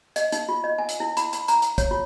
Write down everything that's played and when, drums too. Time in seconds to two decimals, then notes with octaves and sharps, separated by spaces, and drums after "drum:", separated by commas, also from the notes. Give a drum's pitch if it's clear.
0.16 D#5, drum: hi-hat
0.32 D#4, drum: hi-hat
0.49 F4
0.64 D#5
0.78 G#5
0.89 drum: hi-hat
1.00 E4
1.17 B5, drum: hi-hat
1.33 B5, drum: hi-hat
1.48 A#5, drum: hi-hat
1.62 drum: hi-hat
1.78 C#5, drum: kick, hi-hat
1.91 F4